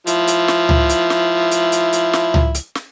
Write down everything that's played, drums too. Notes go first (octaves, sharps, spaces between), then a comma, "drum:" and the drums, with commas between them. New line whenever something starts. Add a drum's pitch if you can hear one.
F3 E4, drum: hi-hat
drum: hi-hat
drum: snare
drum: tom C#2
drum: hi-hat
drum: snare
drum: hi-hat
drum: hi-hat
drum: hi-hat
drum: snare
drum: tom C#2
drum: hi-hat
drum: snare